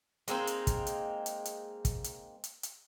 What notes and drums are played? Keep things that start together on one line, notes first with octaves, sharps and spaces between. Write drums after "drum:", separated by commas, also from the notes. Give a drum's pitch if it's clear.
G#3 A#3 C4 D#4, drum: hi-hat
drum: hi-hat
drum: kick, hi-hat
drum: hi-hat
drum: hi-hat
drum: hi-hat
drum: kick, hi-hat
drum: hi-hat
drum: hi-hat
drum: hi-hat